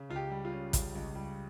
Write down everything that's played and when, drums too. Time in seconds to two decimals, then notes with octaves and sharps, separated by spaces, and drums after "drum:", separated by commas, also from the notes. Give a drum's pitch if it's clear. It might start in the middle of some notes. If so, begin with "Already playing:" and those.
Already playing: C#3
0.09 C#2 F4
0.16 G4
0.31 G3
0.45 F4
0.52 C#4
0.73 C#3, drum: kick A1, hi-hat
0.95 C#2
1.15 G3